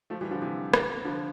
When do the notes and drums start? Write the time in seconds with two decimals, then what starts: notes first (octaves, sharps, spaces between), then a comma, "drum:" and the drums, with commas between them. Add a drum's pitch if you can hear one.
0.10 F3 A3
0.21 E3 G3
0.31 D3 F3
0.42 C3 E3
0.74 drum: rim click
1.05 D3 F3